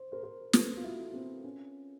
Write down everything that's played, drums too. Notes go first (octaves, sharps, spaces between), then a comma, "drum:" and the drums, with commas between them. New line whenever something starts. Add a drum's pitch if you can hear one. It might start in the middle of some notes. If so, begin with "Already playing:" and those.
Already playing: C5
A#4 C5
A#4 C5
A4 B4, drum: snare
F4
E4 F#4
C4
C#4